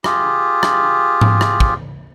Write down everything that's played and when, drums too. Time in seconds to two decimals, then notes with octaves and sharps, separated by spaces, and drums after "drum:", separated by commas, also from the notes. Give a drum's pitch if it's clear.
0.04 F4 G4 G#4, drum: rim click
0.63 drum: rim click
1.21 drum: tom G#2
1.41 drum: rim click
1.60 drum: kick